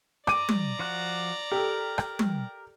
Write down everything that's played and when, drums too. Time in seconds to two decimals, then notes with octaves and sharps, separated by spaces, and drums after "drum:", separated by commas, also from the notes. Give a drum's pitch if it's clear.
0.27 D5 A#5 D6 D#7, drum: rim click
0.49 drum: tom
0.79 F3 F#4 F#6
1.52 G4 A4 A#4
1.98 drum: rim click
2.19 drum: tom